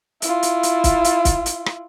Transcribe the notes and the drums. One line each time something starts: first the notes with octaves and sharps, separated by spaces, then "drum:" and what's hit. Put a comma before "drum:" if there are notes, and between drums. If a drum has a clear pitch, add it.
E4 F4, drum: hi-hat
drum: hi-hat
drum: hi-hat
drum: kick, hi-hat
drum: hi-hat
drum: kick, hi-hat
drum: hi-hat
drum: rim click